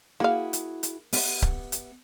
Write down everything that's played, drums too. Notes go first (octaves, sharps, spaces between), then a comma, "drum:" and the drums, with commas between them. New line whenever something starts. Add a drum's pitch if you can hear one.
A#3 E4 F#4 G#4 F5
drum: hi-hat
drum: hi-hat
B3 G4 E5, drum: open hi-hat
drum: kick C#1
drum: hi-hat